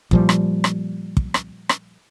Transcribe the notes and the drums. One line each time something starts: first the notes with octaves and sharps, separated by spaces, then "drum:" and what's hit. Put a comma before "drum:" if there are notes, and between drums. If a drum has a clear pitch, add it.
A#2 F3 G3, drum: kick
drum: rim click
drum: rim click
drum: kick
drum: rim click
drum: rim click